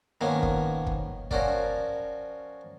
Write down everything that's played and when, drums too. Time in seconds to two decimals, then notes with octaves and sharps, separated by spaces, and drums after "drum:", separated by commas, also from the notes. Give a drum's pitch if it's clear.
0.21 D#3 F3 A#3 B3 C#4
0.43 drum: kick
0.87 drum: kick
1.31 F3 C#4 F#4 A#4 D5, drum: kick